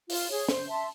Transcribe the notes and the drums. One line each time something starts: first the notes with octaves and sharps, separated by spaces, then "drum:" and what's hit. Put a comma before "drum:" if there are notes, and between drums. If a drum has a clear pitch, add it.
F4, drum: open hi-hat
G#4 C#5
C5, drum: snare
E5 A5 C6